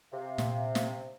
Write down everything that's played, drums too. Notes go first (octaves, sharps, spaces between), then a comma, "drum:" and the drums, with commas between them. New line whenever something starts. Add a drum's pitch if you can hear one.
C3 F5
A#2, drum: snare
drum: snare